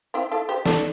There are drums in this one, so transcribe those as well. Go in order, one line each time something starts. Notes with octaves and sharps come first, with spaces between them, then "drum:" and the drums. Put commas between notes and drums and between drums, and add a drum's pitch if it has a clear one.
C4 E4
E4 A4
G4 C5
A4 D5, drum: snare